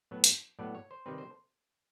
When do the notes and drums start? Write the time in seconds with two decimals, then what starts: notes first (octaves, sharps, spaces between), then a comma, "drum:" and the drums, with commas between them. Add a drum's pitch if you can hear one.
0.11 A2 F#3 B3
0.24 drum: hi-hat
0.59 A2 F#3 B3 D5
0.75 C#5
0.91 C5
1.06 C3 D#3 G3 C4 B4
1.18 C5